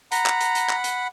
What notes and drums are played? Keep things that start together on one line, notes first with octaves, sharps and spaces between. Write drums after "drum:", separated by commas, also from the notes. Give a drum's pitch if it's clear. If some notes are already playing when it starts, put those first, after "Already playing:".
F#5 A#5 B5, drum: hi-hat
drum: clap
drum: hi-hat
drum: hi-hat
drum: clap
drum: hi-hat